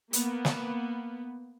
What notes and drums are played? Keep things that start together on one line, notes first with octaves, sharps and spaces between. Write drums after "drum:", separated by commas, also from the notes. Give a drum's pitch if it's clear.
A#3 B3, drum: hi-hat
drum: snare